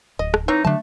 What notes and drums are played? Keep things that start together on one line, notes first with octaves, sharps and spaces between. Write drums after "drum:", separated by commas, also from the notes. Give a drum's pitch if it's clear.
D1 D#5
drum: rim click
E3 C4 D#4 C#5
D3 F#3 A3 D4 A5